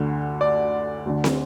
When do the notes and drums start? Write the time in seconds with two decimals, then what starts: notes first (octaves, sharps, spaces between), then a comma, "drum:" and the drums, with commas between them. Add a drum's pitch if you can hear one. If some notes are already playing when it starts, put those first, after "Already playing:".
Already playing: D2 D3
0.41 D5
1.05 D2 D3
1.24 drum: snare